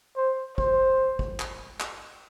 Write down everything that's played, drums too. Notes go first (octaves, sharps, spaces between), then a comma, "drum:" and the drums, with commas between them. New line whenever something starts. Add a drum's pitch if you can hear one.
C5
C5, drum: kick
drum: kick
drum: clap
drum: clap